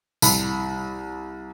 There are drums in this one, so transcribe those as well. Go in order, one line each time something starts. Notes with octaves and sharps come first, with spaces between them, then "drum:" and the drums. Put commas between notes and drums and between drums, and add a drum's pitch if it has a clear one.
C2 B5, drum: tambourine